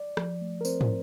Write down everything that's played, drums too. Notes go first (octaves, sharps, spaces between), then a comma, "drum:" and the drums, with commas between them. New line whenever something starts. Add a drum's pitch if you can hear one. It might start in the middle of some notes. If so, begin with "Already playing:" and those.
Already playing: D5
F3, drum: rim click
A3
A#4
C4 C5, drum: tambourine
drum: tom